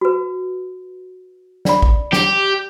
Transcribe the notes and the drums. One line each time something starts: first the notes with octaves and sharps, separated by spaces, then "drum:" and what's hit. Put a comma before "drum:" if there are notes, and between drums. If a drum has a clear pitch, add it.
F#4 B4
D5 B5, drum: snare
drum: kick
G4, drum: snare